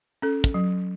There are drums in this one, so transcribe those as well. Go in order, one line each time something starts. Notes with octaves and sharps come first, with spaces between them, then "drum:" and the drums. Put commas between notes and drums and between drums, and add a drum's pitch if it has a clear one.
C#4 A4
drum: kick, hi-hat
F#3